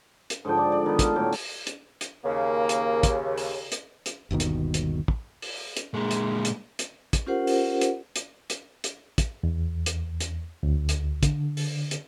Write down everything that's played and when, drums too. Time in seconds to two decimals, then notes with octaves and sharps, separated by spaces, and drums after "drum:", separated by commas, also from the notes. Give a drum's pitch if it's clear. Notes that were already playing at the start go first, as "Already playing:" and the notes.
0.30 drum: hi-hat
0.45 G#2 D3 F3 G5
0.57 D5
0.72 D5
0.86 D#3 B3
0.99 F4 D5 F5 A5, drum: kick, hi-hat
1.16 A2 D3 F#3 G5
1.33 drum: open hi-hat
1.67 drum: hi-hat
2.01 drum: hi-hat
2.25 D#2 C#3 A#3
2.69 drum: hi-hat
3.03 drum: kick, hi-hat
3.38 drum: open hi-hat
3.72 drum: hi-hat
4.06 drum: hi-hat
4.31 G1 D#2 B2 D#3
4.40 drum: hi-hat
4.74 drum: hi-hat
5.08 drum: kick
5.42 drum: open hi-hat
5.77 drum: hi-hat
5.94 A#2 G#3
6.11 drum: hi-hat
6.45 drum: hi-hat
6.79 drum: hi-hat
7.13 drum: kick, hi-hat
7.27 C#4 F4 G4 A#4 C5 F#5
7.47 drum: open hi-hat
7.81 drum: hi-hat
8.16 drum: hi-hat
8.50 drum: hi-hat
8.84 drum: hi-hat
9.18 drum: kick, hi-hat
9.43 E2
9.86 drum: hi-hat
10.20 drum: hi-hat
10.63 D2
10.89 drum: hi-hat
11.23 D3, drum: kick, hi-hat
11.57 drum: open hi-hat
11.91 drum: hi-hat